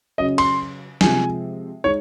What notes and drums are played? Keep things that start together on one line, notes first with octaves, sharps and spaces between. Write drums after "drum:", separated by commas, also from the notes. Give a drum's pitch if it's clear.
C#3 F#3 C#4 D#5
C6, drum: cymbal
C3 F3 G#3 G#5, drum: snare
G#3 D#4 C#5